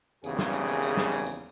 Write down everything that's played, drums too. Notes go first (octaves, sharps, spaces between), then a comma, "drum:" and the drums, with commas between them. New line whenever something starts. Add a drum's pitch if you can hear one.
G#1 E2 C#3 A#3 G4 G#4, drum: tambourine
drum: snare
drum: tambourine
drum: tambourine
drum: tambourine
drum: snare
drum: tambourine
drum: tambourine